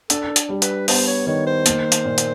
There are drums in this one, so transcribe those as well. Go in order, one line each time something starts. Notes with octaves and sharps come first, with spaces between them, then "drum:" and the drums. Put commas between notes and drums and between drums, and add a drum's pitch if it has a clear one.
D4 A4, drum: hi-hat
drum: hi-hat
G3
B4, drum: hi-hat
B3 C5, drum: open hi-hat
C#5
D#3 C#5
C5
A#3, drum: hi-hat
drum: hi-hat
A#2
drum: hi-hat